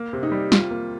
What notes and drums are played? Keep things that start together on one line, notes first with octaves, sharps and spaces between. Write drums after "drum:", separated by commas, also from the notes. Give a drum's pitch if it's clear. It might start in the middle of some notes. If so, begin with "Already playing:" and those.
Already playing: A#3
C3
D#4
G3
G3 F4, drum: snare
A#3